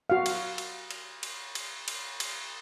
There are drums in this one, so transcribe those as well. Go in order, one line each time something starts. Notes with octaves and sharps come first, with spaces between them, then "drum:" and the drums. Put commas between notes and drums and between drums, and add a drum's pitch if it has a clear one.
F#4 F5
drum: cymbal
drum: cymbal
drum: cymbal
drum: cymbal
drum: cymbal
drum: cymbal
drum: cymbal